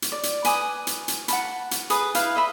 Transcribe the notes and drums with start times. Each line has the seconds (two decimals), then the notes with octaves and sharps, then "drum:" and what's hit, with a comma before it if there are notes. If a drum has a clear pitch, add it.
0.02 drum: hi-hat
0.12 D5
0.23 drum: hi-hat
0.44 B4 G#5 D6 D#6, drum: hi-hat
0.87 drum: hi-hat
1.08 drum: hi-hat
1.28 F#5 A5 B5, drum: hi-hat
1.71 drum: hi-hat
1.90 G#4 B4 D#6, drum: hi-hat
2.15 E4 B4 F5, drum: hi-hat
2.35 D#5 E5 B5